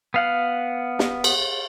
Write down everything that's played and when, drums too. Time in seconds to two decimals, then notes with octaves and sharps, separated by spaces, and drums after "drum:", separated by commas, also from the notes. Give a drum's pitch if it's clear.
0.14 B3 F5 F#5
0.99 drum: snare
1.24 drum: cymbal